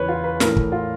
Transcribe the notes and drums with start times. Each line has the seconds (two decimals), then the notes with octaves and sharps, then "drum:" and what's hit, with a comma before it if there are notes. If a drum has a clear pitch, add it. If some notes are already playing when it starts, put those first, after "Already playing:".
Already playing: E2 C#3 E3 B4 C#5
0.08 F4
0.24 B4
0.40 A2 E3 A#4, drum: snare
0.57 drum: kick
0.72 F4